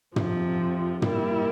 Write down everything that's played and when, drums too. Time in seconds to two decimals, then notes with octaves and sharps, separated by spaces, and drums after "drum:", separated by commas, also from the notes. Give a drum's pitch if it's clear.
0.16 F2 C3 F3, drum: tom
1.02 G3 A#3 E4, drum: tom